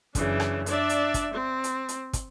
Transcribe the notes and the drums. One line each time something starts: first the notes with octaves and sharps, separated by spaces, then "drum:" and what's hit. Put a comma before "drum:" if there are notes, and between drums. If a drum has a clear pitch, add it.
F#2 C#3 E3 D4, drum: kick, hi-hat
drum: rim click
D4 D5 E5, drum: hi-hat
drum: hi-hat
drum: kick, hi-hat
C4
drum: hi-hat
drum: hi-hat
drum: kick, hi-hat